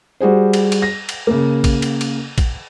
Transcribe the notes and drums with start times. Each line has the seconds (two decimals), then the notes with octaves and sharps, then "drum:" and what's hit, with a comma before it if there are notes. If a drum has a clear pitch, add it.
0.20 G3 F#4 G#4 C5
0.53 drum: cymbal
0.72 drum: cymbal
0.82 A#6
1.09 drum: cymbal
1.27 C#3 A#3
1.64 drum: kick, cymbal
1.82 drum: cymbal
2.01 drum: cymbal
2.38 drum: kick, cymbal